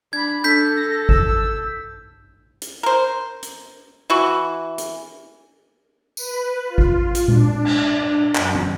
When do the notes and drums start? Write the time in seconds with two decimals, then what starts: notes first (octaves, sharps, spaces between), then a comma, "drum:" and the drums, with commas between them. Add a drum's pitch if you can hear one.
0.13 D4 B5 G#6
0.44 D4 A4 G6 B6
0.77 A#6
1.09 E6, drum: kick G#1
2.62 drum: hi-hat
2.83 A#4 C5
3.43 drum: hi-hat
4.10 E3 F#4
4.78 drum: hi-hat
6.17 B4, drum: tambourine
6.65 F4
6.78 drum: kick G#1
7.15 drum: hi-hat
7.28 D4, drum: tom A#2
7.64 drum: cymbal
8.35 F#2, drum: clap
8.55 drum: tom